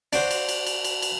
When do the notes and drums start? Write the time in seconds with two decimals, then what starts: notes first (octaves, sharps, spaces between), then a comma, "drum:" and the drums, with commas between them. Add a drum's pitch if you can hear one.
0.13 D4 F#4 C5, drum: cymbal
0.31 drum: cymbal
0.49 drum: cymbal
0.67 drum: cymbal
0.84 drum: cymbal
1.02 drum: cymbal